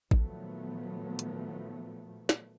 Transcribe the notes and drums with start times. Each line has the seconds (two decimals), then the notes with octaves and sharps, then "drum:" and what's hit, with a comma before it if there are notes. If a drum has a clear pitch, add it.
0.11 A#2 D#3 F3 F#3 A3 B3, drum: kick
1.19 drum: hi-hat
2.29 drum: snare